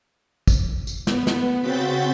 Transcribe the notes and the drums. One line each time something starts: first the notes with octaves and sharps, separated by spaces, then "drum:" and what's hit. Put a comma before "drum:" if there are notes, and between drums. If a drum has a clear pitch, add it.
drum: kick, tambourine
drum: tambourine
B3, drum: snare
drum: snare
C#3 C4 F#4 G6 A6 B6